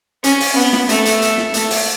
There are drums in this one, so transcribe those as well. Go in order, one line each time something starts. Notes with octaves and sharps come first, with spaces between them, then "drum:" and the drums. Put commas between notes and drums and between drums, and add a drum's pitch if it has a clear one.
C#4, drum: hi-hat
drum: open hi-hat
B3
drum: snare
A3, drum: hi-hat
drum: hi-hat
drum: hi-hat
drum: snare
A3, drum: hi-hat
drum: open hi-hat